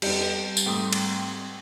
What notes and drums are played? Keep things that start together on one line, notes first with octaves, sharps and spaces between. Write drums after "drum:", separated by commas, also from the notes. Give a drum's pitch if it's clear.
F2 G3 B3 D#4 G6, drum: cymbal
drum: tambourine
G#2 A3 C4 G5 D#6
drum: cymbal